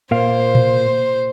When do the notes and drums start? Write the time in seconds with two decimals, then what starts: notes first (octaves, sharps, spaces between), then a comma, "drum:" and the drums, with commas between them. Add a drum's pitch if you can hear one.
0.11 A#2 A#4 C5 F5
0.55 drum: tom A#2